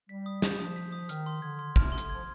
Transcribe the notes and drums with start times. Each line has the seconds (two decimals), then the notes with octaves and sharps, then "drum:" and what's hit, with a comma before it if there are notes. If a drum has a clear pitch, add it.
0.09 G3 B6
0.26 D#6
0.42 F3 G6, drum: snare
0.51 G3
0.59 F3 D#6
0.76 B6
0.92 D#6
1.09 D#3 F6, drum: hi-hat
1.26 C6
1.42 D3 G#6
1.59 C6
1.76 C3 F6, drum: kick
1.92 C6
1.98 D3, drum: hi-hat
2.10 F3 G#6